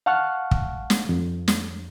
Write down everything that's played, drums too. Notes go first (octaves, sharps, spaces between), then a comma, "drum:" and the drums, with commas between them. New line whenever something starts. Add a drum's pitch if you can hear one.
F5 F#5 A5 C#6 F6 F#6
drum: kick
drum: snare
F2
drum: snare